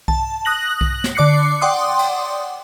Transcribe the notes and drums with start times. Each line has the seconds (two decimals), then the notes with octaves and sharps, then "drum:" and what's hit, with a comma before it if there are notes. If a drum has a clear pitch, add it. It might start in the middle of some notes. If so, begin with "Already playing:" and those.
0.08 A5, drum: kick B1
0.45 D#6 F#6 A#6 F#7
0.81 drum: kick B1
1.04 drum: snare
1.15 D3 D5 D6 F#6 C7 C#7
1.61 D5 F#5 G5 C6 D6 D#6
1.99 drum: cymbal